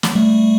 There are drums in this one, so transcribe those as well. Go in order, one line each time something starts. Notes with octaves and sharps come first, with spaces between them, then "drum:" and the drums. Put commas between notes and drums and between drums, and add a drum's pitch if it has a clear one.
drum: snare
G3 A3